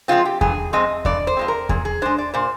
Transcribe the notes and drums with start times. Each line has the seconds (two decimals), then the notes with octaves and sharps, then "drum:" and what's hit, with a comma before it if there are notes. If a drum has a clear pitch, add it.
0.08 F3 G#3 C4 F4
0.25 G4
0.41 G2 G#4, drum: kick E2
0.73 F3 G#3 C4 D#5
1.05 G2 D5, drum: kick E2
1.27 C5
1.37 F3 G#3 C4
1.48 A#4
1.69 A#2 G#4, drum: kick E2
1.85 G#4
2.02 G#3 D4 C5
2.18 D5
2.34 A#2 C5